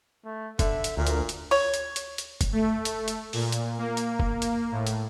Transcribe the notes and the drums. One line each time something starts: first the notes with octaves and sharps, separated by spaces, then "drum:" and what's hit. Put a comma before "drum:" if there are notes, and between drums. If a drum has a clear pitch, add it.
A3
D3 E5, drum: kick, hi-hat
drum: hi-hat
D2 A#2 A#4
drum: hi-hat
drum: hi-hat
C#5, drum: open hi-hat
drum: hi-hat
drum: hi-hat
drum: hi-hat
drum: kick, hi-hat
A3
drum: hi-hat
drum: hi-hat
A#2, drum: open hi-hat
drum: hi-hat
A#3
drum: hi-hat
drum: kick
drum: hi-hat
A2
drum: hi-hat